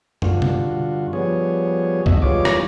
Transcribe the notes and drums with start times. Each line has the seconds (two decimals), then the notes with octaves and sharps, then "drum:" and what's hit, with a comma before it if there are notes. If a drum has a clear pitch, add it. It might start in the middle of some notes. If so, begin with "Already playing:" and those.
0.22 G2 D3 F4 F#4, drum: tom
0.42 drum: tom B2
1.13 F3 G3 B3 G#4 C#5
2.06 D4 F#4 D#5 E5, drum: kick
2.22 E3 G3 G#3 F4 C#5 D6
2.45 drum: rim click